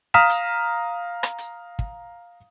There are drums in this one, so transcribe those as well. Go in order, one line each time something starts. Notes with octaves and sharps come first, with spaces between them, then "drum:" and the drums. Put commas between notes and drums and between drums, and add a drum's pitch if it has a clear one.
F5 A#5 D#6 F6 B6 E7
drum: hi-hat
drum: rim click
drum: hi-hat
drum: kick